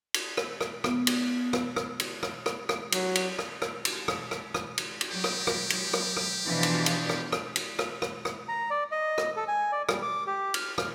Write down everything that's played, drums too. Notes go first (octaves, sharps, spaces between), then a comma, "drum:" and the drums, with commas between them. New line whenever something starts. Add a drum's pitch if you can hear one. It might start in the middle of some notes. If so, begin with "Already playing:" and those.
drum: cymbal
drum: rim click
drum: rim click
B3, drum: rim click
drum: cymbal
drum: rim click
drum: rim click
drum: cymbal
drum: rim click
drum: rim click
drum: rim click
F#3, drum: cymbal
drum: cymbal
drum: rim click
drum: rim click
drum: cymbal
drum: rim click
drum: rim click
drum: rim click
drum: cymbal
drum: cymbal
F#3 G4
drum: rim click
drum: rim click
drum: cymbal
drum: rim click
drum: rim click
B2 E3 F3 D4 F4
drum: cymbal
drum: cymbal
drum: rim click
drum: rim click
drum: cymbal
drum: rim click
drum: rim click
drum: rim click
A#5
D5
D#5
drum: rim click
A4
G#5
D5
G3, drum: rim click
D6
G4
F6, drum: cymbal
F6, drum: rim click